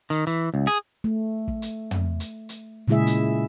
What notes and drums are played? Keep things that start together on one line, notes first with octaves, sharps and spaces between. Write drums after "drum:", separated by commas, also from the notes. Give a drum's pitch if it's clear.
D#3
E3
C#2
G#4
A3
drum: kick
drum: hi-hat
drum: tom
drum: hi-hat
drum: hi-hat
A#2 C#3 G#3 E4 G#4 E5
drum: hi-hat